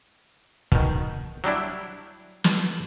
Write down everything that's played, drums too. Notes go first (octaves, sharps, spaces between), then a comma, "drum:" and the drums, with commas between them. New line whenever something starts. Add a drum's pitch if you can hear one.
B2 D#3, drum: kick
F#3 G3 D4 E4
drum: snare